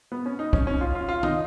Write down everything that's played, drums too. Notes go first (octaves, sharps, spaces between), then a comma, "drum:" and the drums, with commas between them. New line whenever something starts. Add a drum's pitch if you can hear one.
B3
C#4
D#4
C#4, drum: kick
C#4
F4
F4
F4
D#4, drum: tom D#3